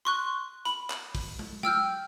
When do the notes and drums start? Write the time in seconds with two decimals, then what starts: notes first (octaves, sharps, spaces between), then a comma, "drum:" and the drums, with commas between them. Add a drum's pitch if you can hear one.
0.05 C6 C#6 F#6
0.65 B5, drum: hi-hat
0.90 drum: clap
1.15 drum: kick, open hi-hat
1.39 drum: tom G#3
1.63 G5 E6 F6 G6, drum: tom G#3